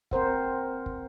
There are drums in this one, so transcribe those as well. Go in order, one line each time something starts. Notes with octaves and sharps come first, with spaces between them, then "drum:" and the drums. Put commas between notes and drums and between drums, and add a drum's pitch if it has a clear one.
C4 A#4 C5 F#5, drum: kick
drum: kick